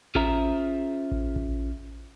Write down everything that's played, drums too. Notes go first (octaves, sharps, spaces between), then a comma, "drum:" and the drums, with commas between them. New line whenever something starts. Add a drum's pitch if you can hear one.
C#4 F4 G#4 C5 E5 A#5, drum: kick A1
drum: kick A1
drum: kick A1